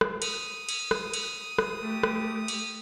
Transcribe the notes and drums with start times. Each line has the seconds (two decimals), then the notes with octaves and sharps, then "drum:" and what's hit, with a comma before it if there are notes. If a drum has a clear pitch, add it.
0.01 drum: rim click
0.22 D#6, drum: cymbal
0.69 drum: cymbal
0.91 drum: rim click
1.14 drum: cymbal
1.58 drum: rim click
1.81 A3 G4
2.03 drum: rim click
2.48 drum: cymbal